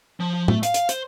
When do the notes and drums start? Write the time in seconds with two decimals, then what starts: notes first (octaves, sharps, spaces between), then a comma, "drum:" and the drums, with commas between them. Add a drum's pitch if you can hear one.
0.20 F3
0.48 A3, drum: tom
0.63 F5, drum: hi-hat
0.74 drum: hi-hat
0.89 C5, drum: hi-hat